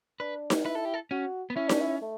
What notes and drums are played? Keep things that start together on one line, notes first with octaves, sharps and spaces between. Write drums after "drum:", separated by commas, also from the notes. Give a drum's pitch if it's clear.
D4 B4
drum: snare D#4
D4
E4 B4
A4
G4
A4
C#4 F#4
B3
C#4 E4
D4, drum: snare D#4
E4
A3